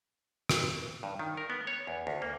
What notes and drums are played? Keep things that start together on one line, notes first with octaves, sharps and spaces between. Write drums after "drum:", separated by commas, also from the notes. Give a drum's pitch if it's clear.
drum: rim click
G2
D#3
A#4
B3
C#5
E2
D2
A#3